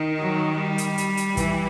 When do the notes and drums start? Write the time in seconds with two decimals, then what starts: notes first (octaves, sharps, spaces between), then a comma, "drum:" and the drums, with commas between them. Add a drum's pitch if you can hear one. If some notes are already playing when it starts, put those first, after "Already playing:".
Already playing: D#3
0.19 F#3
0.59 G3
0.78 drum: hi-hat
0.98 drum: hi-hat
1.17 drum: hi-hat
1.37 E3, drum: kick, hi-hat